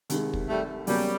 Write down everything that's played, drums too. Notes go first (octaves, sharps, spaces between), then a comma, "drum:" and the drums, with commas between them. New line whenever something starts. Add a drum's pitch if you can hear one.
C2 C3 D#3 G#3, drum: hi-hat
drum: kick
G3 A3
E2 C#3 F#3 G3 A#3 C#4, drum: open hi-hat